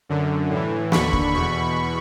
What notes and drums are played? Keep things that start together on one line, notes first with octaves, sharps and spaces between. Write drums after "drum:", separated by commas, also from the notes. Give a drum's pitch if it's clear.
F#2 D3
A2 E3
D#2 D3 B5 C#6, drum: snare
drum: kick
E2 B2 B5 C#6